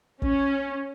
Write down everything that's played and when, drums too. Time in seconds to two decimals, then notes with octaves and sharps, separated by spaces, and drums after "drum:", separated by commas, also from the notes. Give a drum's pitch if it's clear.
0.22 C#4, drum: kick